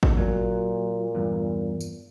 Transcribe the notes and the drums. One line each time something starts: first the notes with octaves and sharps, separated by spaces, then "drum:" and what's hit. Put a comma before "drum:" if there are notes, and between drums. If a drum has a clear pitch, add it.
drum: kick A1
A#2 F#3
E2 G2
drum: tambourine